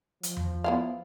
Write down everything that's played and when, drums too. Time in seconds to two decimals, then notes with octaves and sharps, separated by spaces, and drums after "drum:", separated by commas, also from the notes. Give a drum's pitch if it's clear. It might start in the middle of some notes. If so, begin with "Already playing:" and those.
0.23 F3, drum: hi-hat
0.37 drum: tom E2
0.64 B3 E4 F5